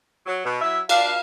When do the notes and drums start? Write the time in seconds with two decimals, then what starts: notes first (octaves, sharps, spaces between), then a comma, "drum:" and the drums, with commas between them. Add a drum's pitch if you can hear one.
0.27 F#3
0.45 B2
0.61 F#3 E4 E5
0.89 D4 F5, drum: cymbal